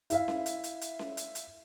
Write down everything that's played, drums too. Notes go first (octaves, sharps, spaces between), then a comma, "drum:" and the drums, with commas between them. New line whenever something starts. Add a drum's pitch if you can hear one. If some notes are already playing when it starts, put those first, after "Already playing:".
E4 E5 F5, drum: hi-hat
drum: snare C#4
drum: hi-hat
drum: hi-hat
drum: hi-hat
drum: snare C#4
drum: hi-hat
drum: hi-hat